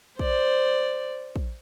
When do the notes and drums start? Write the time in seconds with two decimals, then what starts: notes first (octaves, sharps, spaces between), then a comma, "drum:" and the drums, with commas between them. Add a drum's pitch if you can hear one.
0.19 C5 D5, drum: kick
1.36 drum: kick